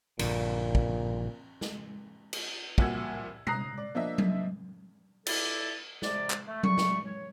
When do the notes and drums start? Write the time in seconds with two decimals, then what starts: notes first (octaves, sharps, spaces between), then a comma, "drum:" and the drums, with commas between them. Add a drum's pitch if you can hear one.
0.19 A#1 G2 A#2 D3, drum: cymbal
0.75 drum: kick
1.61 drum: snare
2.33 drum: cymbal
2.78 C2 A#2 F#4 F#5 E6 G#6, drum: kick
3.47 A#5 D#6 F#6 A#6 C7, drum: tom
3.78 D5
3.95 F3 A#3 D4 D#5 E5
4.18 drum: tom F#3
5.27 A3 E4 A4 D5, drum: cymbal
6.02 C3 D5, drum: snare
6.30 drum: clap
6.47 A3
6.63 G3 A3 C#6, drum: tom F#3
6.78 drum: snare
7.05 C#5